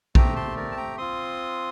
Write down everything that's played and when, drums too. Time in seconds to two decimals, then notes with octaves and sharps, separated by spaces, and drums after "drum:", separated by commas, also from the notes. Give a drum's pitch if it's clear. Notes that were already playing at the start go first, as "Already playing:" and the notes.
0.15 A3 C4 G4 G5 A#5, drum: kick A#1
0.36 A5 C6
0.57 A#4 D5
0.71 A5
0.77 G5 A#5
0.98 C4 F4 C6 D#6